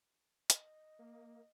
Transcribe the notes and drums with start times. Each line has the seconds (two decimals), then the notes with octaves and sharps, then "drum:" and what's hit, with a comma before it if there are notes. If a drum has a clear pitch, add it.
0.50 D#5, drum: hi-hat
0.99 A#3